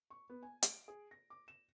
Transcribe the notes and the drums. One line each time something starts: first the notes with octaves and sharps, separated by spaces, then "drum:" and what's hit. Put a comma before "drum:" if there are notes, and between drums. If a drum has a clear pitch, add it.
C#6
B3
G#5
D7, drum: hi-hat
G#4
A#6
D6
E7